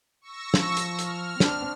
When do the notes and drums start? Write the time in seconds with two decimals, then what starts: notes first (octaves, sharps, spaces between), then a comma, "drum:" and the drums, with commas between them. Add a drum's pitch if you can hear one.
0.21 C#6 E6 A#6
0.54 F3, drum: snare
0.77 drum: hi-hat
0.99 F6, drum: hi-hat
1.40 C4 D4, drum: snare